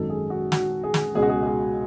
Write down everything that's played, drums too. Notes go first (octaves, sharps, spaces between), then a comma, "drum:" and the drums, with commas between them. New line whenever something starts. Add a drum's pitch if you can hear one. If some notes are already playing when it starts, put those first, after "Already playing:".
Already playing: G#1 F#2 D#3 A4
G#4
F#4
F#4, drum: snare
G#4
drum: snare
C#2 B2 G#3 G#4
F#4
G#4
G#4
F#4